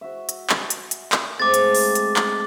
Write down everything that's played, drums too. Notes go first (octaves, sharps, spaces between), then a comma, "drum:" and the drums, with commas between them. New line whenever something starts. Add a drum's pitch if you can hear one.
F#4 E5
drum: hi-hat
G#5, drum: clap
drum: hi-hat
drum: hi-hat
drum: clap
G#3 A3 C4 D6 A6
drum: hi-hat
drum: open hi-hat
drum: hi-hat
drum: clap